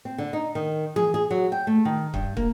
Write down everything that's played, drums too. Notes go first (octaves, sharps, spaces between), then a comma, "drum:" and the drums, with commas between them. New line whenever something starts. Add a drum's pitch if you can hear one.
C4
D3
D#4
D#3
G#4, drum: tom E3
G#4
F#3
G5
A3
D#3
G2, drum: kick
A#3, drum: kick